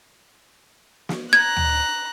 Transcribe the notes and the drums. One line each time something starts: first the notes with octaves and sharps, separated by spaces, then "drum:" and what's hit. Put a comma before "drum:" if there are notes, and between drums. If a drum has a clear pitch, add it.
drum: snare
A#5 F#6 G#6
drum: tom D2